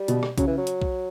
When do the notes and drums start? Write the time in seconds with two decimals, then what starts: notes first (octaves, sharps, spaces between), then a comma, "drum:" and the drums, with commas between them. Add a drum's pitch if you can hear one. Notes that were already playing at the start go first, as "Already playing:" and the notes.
Already playing: G3
0.08 B2, drum: hi-hat
0.23 drum: rim click
0.38 C#3 F#3, drum: kick B1, hi-hat
0.47 E3
0.57 F#3
0.67 drum: hi-hat
0.82 drum: kick B1